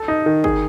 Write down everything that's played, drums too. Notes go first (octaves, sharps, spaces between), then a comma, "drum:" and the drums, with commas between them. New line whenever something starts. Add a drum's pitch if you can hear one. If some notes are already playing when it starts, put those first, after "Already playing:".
Already playing: A4
D#4
D#3
G#4, drum: kick